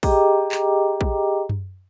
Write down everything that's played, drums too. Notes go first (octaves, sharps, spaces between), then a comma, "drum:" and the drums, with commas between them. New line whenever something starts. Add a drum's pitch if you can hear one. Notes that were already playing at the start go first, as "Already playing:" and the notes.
G4 G#4 D#5 G5 A#5 D6, drum: kick, open hi-hat
drum: clap
drum: kick
drum: tom F#2